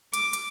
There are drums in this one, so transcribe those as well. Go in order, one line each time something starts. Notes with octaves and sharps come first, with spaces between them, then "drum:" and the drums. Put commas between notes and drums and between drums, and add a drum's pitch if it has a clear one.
D6, drum: hi-hat
drum: hi-hat